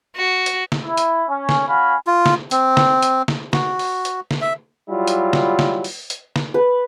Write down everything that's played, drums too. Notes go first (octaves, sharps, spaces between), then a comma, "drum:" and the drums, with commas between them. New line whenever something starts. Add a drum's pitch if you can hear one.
F#4
drum: hi-hat
drum: snare
E4
drum: hi-hat
C#4
drum: snare
C#4 F#4 F5 G#5 B5
F4
drum: snare
C4, drum: hi-hat
drum: snare
drum: hi-hat
drum: snare
F#4, drum: snare
drum: open hi-hat
drum: hi-hat
drum: snare
E5
F#3 G3 E4 F4
drum: hi-hat
drum: snare
drum: snare
drum: open hi-hat
drum: hi-hat
drum: snare
B4